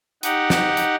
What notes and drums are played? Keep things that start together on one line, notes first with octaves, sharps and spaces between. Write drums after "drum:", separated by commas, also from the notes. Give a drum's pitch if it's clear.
D#4 G4 F#5, drum: hi-hat
drum: snare
drum: hi-hat